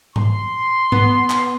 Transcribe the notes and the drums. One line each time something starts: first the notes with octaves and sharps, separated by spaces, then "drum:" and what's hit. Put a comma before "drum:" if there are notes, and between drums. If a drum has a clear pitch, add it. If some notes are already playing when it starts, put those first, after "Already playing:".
C6, drum: tom G#2
B3, drum: tom G#2
drum: clap